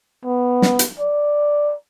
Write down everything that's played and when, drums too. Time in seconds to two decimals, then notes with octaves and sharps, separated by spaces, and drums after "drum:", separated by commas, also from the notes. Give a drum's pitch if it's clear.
0.25 B3
0.62 drum: snare
0.79 drum: hi-hat
0.99 D5